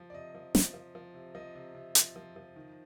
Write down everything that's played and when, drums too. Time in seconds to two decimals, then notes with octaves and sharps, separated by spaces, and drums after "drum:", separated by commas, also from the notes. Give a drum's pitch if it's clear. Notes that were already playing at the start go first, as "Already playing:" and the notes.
Already playing: F3
0.10 D5
0.13 C3 D#5
0.35 F3
0.55 F3, drum: snare
0.74 F3
0.95 F3
1.14 C3
1.35 F3 D#5
1.55 C3
1.75 C3
1.95 F3, drum: hi-hat
2.16 F3
2.36 F3
2.56 D#3